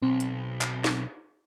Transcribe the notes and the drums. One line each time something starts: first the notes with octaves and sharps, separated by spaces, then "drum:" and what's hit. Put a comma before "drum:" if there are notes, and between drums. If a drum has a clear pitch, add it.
B1 C4
drum: hi-hat
drum: clap
drum: snare